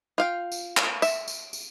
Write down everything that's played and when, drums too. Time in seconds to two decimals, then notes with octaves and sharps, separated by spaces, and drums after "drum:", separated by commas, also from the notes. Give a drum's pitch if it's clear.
0.18 F4 F5 G5
0.52 drum: tambourine
0.77 drum: clap
1.02 E5, drum: tambourine
1.28 drum: tambourine
1.53 drum: tambourine